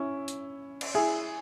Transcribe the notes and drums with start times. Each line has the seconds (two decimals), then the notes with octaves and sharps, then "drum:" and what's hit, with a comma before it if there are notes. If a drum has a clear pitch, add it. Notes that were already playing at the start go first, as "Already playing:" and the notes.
Already playing: C#4 E4
0.28 drum: hi-hat
0.81 drum: cymbal
0.94 E4 G#4